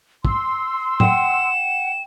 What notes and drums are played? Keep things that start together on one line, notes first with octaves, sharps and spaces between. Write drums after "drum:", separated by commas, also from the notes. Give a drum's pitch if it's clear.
C6 E6, drum: kick
F#5 G5 E7, drum: tom